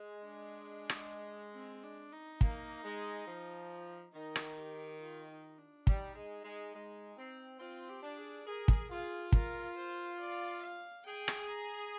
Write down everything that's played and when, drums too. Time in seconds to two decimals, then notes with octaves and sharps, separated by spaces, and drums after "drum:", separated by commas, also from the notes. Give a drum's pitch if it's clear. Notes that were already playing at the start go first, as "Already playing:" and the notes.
Already playing: G#3
0.24 D4
0.89 drum: rim click
1.55 C4
1.83 D4
2.12 D#4
2.41 A#3, drum: kick
2.84 G#3
3.27 F3
4.14 D#3 D#4
4.36 drum: rim click
4.57 G4
5.01 F4
5.30 D#4
5.58 D4
5.87 G3 D#4, drum: kick
6.15 G#3
6.45 G#3
6.74 G#3
7.17 C4
7.60 C4 F4
7.89 G4
8.03 D4
8.17 G#4
8.46 G#4 A#4
8.68 drum: kick
8.90 F4 G#4
9.32 A#4, drum: kick
9.77 C5
10.19 D5
10.63 F5
11.06 G#4 G5
11.28 drum: rim click
11.49 A#5